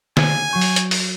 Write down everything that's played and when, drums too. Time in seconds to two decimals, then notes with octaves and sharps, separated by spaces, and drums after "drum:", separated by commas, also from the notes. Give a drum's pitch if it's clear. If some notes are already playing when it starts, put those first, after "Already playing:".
0.17 G#5, drum: snare
0.51 F#3 C#6 G6
0.61 drum: open hi-hat
0.76 drum: hi-hat
0.91 drum: open hi-hat